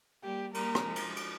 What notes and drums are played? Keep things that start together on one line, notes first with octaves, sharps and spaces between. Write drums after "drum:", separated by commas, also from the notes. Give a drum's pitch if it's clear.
G3 A#3 G4
G3 A#3 A#4, drum: cymbal
drum: rim click
F3 G#3
drum: cymbal
drum: cymbal